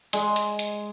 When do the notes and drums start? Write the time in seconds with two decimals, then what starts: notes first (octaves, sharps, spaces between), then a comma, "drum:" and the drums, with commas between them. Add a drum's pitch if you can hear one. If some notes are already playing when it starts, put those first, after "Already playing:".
0.13 G#3, drum: hi-hat
0.36 drum: hi-hat
0.59 drum: hi-hat